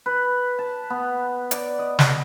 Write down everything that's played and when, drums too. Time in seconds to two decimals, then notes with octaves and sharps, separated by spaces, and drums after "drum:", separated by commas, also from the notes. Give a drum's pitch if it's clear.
0.06 B4
0.59 A5
0.90 B3
1.51 D5, drum: hi-hat
1.79 D#5
1.99 drum: snare